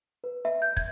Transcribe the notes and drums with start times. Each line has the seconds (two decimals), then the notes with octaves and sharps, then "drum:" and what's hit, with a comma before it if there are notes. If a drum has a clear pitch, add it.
0.24 B4
0.45 E5
0.62 G6
0.77 G#6, drum: kick